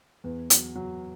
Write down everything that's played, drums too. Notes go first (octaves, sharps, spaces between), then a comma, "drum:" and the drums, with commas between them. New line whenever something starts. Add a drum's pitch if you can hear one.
E2
F#3, drum: hi-hat
F#3